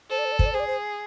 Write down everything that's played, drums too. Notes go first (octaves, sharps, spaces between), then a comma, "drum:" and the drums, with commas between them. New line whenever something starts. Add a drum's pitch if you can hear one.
A4 C5
D5
C5
D5
C5, drum: kick
D5
G#4 C5
D5
C5